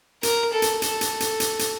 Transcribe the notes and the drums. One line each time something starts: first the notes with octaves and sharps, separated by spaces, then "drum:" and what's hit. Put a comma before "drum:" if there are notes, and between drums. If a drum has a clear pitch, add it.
A#4, drum: hi-hat
A4
drum: hi-hat
A4, drum: hi-hat
drum: hi-hat
drum: hi-hat
drum: hi-hat
drum: hi-hat